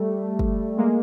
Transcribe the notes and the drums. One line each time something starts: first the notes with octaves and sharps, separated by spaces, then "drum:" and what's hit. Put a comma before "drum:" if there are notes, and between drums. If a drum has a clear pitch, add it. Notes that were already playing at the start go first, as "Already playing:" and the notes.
Already playing: G3 A3
drum: kick
G#3 A#3